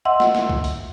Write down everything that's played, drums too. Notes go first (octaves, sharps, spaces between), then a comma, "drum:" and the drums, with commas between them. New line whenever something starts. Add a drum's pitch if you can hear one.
D#5 E5 F#5 C6 E6
drum: snare
drum: snare
drum: kick C2
drum: open hi-hat